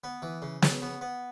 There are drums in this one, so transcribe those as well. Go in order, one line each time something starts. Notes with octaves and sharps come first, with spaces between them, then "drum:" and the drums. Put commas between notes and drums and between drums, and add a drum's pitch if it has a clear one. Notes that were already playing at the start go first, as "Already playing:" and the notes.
B3
E3
C#3
C#3, drum: snare
B3
B3